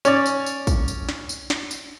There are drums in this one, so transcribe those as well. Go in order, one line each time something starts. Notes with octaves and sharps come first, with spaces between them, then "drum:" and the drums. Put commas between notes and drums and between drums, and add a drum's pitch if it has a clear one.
C#4 D5, drum: tambourine
drum: tambourine
drum: tambourine
drum: kick, tambourine
drum: tambourine
drum: snare
drum: tambourine
drum: snare
drum: tambourine